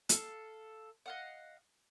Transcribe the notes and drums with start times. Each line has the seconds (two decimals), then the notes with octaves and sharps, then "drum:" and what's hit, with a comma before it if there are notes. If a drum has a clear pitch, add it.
0.09 A4 F5, drum: hi-hat
1.06 D#5 F5 F#5